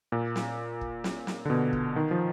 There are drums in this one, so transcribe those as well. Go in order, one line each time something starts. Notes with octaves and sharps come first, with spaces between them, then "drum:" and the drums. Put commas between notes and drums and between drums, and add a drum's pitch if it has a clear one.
A#2
drum: snare
drum: kick
drum: snare
drum: snare
D3
B2
drum: kick
D#3
F3